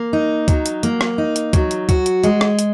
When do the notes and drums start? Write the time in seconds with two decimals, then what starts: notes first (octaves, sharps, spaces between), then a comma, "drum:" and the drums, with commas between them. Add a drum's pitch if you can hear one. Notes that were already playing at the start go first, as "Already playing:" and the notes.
Already playing: A#3
0.13 D#4
0.48 F#3, drum: kick, hi-hat
0.66 drum: hi-hat
0.83 A#3, drum: hi-hat
1.01 drum: rim click
1.18 D#4
1.36 drum: hi-hat
1.53 F#3, drum: kick, hi-hat
1.71 drum: hi-hat
1.89 F#4, drum: kick, hi-hat
2.06 drum: hi-hat
2.24 G#3, drum: hi-hat
2.41 drum: rim click
2.59 drum: hi-hat